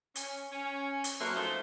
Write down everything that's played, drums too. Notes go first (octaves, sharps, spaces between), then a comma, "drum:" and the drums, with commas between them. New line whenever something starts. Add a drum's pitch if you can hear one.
C#4, drum: hi-hat
C#4
drum: hi-hat
F#3 A#3 C4 A4 B4 E5
F3 A3 D#4 F4 C5